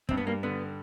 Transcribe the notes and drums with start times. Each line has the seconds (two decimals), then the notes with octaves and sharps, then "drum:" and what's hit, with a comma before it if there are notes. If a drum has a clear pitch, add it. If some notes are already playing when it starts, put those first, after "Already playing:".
0.09 G2 C4, drum: kick
0.17 B3
0.27 G3 A#3
0.43 D3 B3